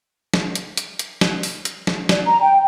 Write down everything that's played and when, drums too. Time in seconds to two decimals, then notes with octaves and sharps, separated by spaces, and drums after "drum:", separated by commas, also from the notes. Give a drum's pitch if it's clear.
0.34 drum: snare
0.55 drum: hi-hat
0.77 drum: hi-hat
0.99 drum: hi-hat
1.21 drum: snare
1.43 drum: open hi-hat
1.65 drum: hi-hat
1.87 drum: snare
2.09 D5, drum: snare
2.26 A#5
2.43 G5